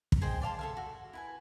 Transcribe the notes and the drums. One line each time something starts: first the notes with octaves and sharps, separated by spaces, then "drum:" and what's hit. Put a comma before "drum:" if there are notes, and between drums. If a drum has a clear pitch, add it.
drum: kick
G#4 C5 D#5 G5
D5 F5 A5 C6
A4 E5 F5
F#4
E4 B4 G#5